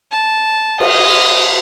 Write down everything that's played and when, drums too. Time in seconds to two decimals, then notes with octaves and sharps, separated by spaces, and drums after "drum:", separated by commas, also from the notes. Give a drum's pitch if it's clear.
0.12 A5
0.80 D#5, drum: cymbal